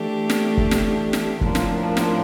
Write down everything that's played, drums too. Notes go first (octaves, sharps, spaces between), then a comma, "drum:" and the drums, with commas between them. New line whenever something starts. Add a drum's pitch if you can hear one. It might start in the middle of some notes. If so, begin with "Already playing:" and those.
Already playing: E3 A3 D4 G4
drum: snare
drum: kick
drum: snare
drum: snare
A2 F3 A#3 D4, drum: kick
drum: snare
drum: snare